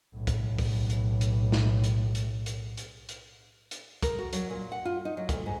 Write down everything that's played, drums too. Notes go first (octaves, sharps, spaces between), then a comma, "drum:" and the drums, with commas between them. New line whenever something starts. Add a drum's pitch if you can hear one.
B1 A2
drum: kick, hi-hat
drum: kick, open hi-hat
drum: hi-hat
drum: hi-hat
drum: snare
drum: hi-hat
drum: hi-hat
drum: hi-hat
drum: hi-hat
drum: hi-hat
drum: hi-hat
A#4, drum: kick, hi-hat
F#4
F#3, drum: hi-hat
A#2
F#5
F4
D#4
F#3
D2, drum: kick, hi-hat
G#2